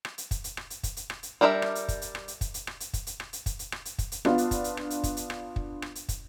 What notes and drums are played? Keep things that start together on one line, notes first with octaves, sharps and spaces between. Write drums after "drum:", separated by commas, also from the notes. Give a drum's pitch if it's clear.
drum: rim click
drum: hi-hat
drum: kick, hi-hat
drum: hi-hat
drum: rim click
drum: hi-hat
drum: kick, hi-hat
drum: hi-hat
drum: rim click
drum: hi-hat
G3 D4 A#4 C5 E5
drum: rim click
drum: hi-hat
drum: kick, hi-hat
drum: hi-hat
drum: rim click
drum: hi-hat
drum: kick, hi-hat
drum: hi-hat
drum: rim click
drum: hi-hat
drum: kick, hi-hat
drum: hi-hat
drum: rim click
drum: hi-hat
drum: kick, hi-hat
drum: hi-hat
drum: rim click
drum: hi-hat
drum: kick, hi-hat
drum: hi-hat
B3 D4 F4, drum: rim click
drum: hi-hat
drum: kick, hi-hat
drum: hi-hat
drum: rim click
drum: hi-hat
drum: kick, hi-hat
drum: hi-hat
drum: rim click
drum: kick
drum: rim click
drum: hi-hat
drum: kick, hi-hat